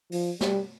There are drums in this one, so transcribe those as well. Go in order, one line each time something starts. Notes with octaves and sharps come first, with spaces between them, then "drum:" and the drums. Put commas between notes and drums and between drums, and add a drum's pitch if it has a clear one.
F3, drum: open hi-hat
G3, drum: snare